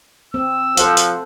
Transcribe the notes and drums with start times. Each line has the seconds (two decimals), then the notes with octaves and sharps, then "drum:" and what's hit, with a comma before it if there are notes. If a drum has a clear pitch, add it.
0.34 C4 E6
0.77 F3 A4 C5 F#5, drum: hi-hat
0.97 drum: hi-hat